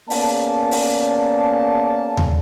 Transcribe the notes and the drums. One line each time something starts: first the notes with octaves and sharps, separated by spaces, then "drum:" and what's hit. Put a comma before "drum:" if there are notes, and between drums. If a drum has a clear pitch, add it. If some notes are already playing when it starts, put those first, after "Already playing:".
A#3 B3 C#4 G#4 D5 A5, drum: open hi-hat
drum: open hi-hat
drum: tom D#2